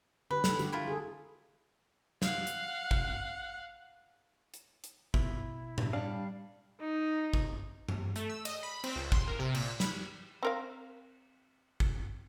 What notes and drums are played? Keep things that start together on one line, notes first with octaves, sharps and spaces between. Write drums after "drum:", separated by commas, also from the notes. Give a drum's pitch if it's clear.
D3 G4 B4
A4, drum: snare
D3 F#4 G4, drum: tambourine
E4 F4 A#4
G#4 A4
F5 F#5, drum: snare
drum: hi-hat
drum: kick
drum: hi-hat
drum: hi-hat
B2 E4, drum: kick
drum: tom A2
G3 D4 F5
D#4
drum: kick
drum: tom G2
A3, drum: hi-hat
E6
D#5, drum: cymbal
B5
C4, drum: cymbal
C#2
C6, drum: kick
A#4
C3
A#2, drum: cymbal
B5, drum: snare
C4 A#4 F5
drum: kick